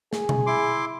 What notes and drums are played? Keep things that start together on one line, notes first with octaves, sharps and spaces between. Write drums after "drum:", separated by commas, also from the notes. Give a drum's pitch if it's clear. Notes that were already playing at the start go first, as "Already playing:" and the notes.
G#4, drum: snare
drum: tom B2
E4 C6 D6